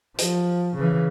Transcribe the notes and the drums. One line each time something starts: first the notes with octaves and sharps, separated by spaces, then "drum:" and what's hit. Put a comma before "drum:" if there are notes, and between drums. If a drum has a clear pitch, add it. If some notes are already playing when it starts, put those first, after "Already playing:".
F3, drum: hi-hat
C#3 E3